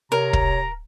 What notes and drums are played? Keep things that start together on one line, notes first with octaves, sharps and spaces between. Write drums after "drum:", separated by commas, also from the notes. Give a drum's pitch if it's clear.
C3 A#4 C#5 A#5
drum: kick